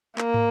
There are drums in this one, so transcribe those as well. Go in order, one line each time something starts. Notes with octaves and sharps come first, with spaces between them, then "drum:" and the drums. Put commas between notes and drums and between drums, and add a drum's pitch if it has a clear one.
A#3, drum: clap
drum: tom